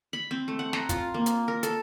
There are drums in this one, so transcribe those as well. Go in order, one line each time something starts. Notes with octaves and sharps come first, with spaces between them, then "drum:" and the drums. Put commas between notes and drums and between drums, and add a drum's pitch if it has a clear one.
B5
C4
A3
F#5
A#5, drum: snare
F4, drum: kick, hi-hat
A#3
drum: hi-hat
A#4
A4, drum: hi-hat